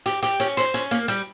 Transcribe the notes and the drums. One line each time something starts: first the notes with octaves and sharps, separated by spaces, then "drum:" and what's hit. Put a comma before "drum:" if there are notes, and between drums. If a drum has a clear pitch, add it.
G4, drum: hi-hat
G4, drum: hi-hat
C#4, drum: hi-hat
C5, drum: hi-hat
C#4, drum: hi-hat
A#3, drum: hi-hat
G3, drum: hi-hat